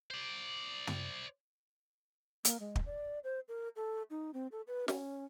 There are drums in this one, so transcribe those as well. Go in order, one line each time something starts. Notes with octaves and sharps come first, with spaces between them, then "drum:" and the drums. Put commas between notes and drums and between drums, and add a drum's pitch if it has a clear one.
C5 D5
drum: tom
A#3, drum: hi-hat
G#3
drum: kick
D5
C5
A#4
A4
D#4
C4
A4
B4
C#4, drum: snare